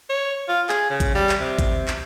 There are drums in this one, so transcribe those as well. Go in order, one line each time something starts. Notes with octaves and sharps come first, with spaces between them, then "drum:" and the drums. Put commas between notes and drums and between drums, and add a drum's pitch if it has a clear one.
C#5
F4
G#4, drum: clap
C#3
drum: kick G#1, hi-hat
G3
drum: clap
C3
drum: kick G#1, hi-hat
drum: clap